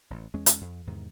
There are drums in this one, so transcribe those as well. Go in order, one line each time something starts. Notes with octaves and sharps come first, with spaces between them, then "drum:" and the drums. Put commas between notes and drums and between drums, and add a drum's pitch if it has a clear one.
A1
E2 G#3 C#4
drum: hi-hat
F2
E2 G#2 C3 D#3